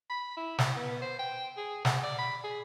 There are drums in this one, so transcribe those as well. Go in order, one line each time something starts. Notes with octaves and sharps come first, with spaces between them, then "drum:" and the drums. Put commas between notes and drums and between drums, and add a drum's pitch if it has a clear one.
B5
E4
F#5, drum: snare
B3
C5
G5
G#4
F#5, drum: snare
D5
B5
G#4